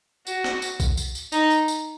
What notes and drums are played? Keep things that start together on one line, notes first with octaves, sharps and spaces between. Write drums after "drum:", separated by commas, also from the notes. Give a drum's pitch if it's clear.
F#4, drum: tambourine
drum: snare
drum: tambourine
drum: kick A#1, tambourine
drum: tambourine
drum: tambourine
D#4, drum: tambourine
drum: tambourine
drum: tambourine